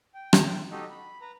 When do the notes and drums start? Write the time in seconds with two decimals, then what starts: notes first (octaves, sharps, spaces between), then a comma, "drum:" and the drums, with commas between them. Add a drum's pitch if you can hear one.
0.14 G5
0.33 drum: rim click
0.71 D#4 F#4 G4 A4 D#5
0.90 B5
1.21 B4 A#5